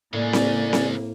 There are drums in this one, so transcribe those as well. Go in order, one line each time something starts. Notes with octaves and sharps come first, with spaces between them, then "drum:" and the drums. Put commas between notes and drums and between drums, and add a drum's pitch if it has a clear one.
A2 C#3 G#3 A#3 D5 G#5
drum: snare C4
drum: snare C4